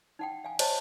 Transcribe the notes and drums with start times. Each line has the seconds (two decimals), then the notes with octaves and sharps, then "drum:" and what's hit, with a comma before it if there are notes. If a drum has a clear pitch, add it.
0.19 D#4 F#5 G5
0.44 F5 G#5
0.59 G4 C5 C#5 D#5 A5, drum: cymbal